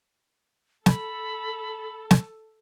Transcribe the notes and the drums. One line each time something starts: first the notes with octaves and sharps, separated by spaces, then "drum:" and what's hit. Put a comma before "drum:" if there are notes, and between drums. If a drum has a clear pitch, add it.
A4 B5, drum: snare
drum: snare